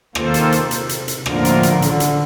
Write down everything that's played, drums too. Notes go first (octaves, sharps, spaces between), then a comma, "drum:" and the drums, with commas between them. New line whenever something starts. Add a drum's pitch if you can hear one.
C3 D#3 A#3 F4 A4 C5, drum: rim click
drum: hi-hat
drum: hi-hat
drum: hi-hat
drum: hi-hat
drum: hi-hat
A2 D3 F3 A#3 F4 A#4, drum: rim click
drum: hi-hat
drum: hi-hat
D3, drum: hi-hat
drum: hi-hat